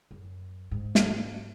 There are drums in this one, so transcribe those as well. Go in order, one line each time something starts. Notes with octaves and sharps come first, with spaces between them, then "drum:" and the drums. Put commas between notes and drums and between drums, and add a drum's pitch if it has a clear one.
F#2
G#2
drum: snare